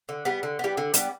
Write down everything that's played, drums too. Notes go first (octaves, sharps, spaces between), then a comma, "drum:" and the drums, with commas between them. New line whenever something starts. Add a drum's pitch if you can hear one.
D3
G3 B3
D3
G3 B3
D3
G3 B3, drum: hi-hat